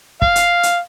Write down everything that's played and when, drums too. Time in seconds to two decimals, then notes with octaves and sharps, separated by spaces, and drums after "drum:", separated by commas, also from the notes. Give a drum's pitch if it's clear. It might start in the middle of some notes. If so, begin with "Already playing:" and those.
0.22 F5, drum: kick
0.36 drum: hi-hat
0.63 drum: hi-hat